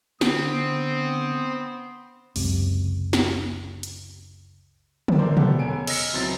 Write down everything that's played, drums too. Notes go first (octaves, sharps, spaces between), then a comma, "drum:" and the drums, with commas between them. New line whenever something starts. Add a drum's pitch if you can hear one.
D3 B3 C4 D#6, drum: snare
F#1 C#2 C3, drum: open hi-hat
drum: snare
drum: hi-hat
drum: tom D3
A#1 A3 A#4 C5 D5
B3 G4 A4, drum: tom B2
E1 C#4 G#5 D7
D#5 E6 F6 A#6 C#7, drum: cymbal
C#2 F#3 C4 E4 A6